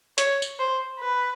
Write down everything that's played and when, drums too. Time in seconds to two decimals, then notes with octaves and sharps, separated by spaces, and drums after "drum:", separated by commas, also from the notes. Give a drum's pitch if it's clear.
0.18 C#5, drum: hi-hat
0.42 drum: tambourine
0.59 C5
1.00 B4